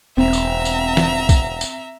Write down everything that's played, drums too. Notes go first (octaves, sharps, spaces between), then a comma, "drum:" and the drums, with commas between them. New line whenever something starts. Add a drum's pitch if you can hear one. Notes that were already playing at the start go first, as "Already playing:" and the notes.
E1 C4 E5 A#5
drum: tambourine
drum: tambourine
drum: snare
drum: kick, tambourine
drum: tambourine